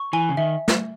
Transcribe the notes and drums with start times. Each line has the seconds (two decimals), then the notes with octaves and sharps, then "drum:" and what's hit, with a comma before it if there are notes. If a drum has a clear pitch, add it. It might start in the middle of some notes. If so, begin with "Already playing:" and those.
Already playing: C#6
0.13 E3 G#5
0.29 C#3
0.37 D#3 E5
0.68 drum: snare